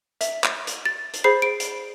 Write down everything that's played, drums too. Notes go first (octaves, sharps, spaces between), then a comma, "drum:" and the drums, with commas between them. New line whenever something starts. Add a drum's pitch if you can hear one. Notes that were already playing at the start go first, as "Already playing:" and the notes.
E5, drum: hi-hat
drum: clap
drum: hi-hat
A6
drum: hi-hat
G#4 C5 B5 C7
D7
drum: hi-hat